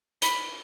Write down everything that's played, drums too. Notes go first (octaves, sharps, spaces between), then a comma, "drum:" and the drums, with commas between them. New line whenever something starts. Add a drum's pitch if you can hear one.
B5, drum: hi-hat